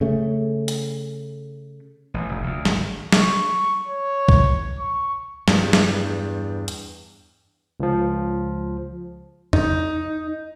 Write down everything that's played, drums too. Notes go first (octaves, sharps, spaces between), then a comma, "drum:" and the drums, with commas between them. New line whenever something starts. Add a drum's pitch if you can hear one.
C#3 A3
drum: hi-hat
A1
F1
D2
G#1, drum: snare
C#6, drum: snare
C#5
drum: kick C2
C#6
E2 G2, drum: snare
drum: snare
drum: hi-hat
C#2 F3
D#4, drum: tom E2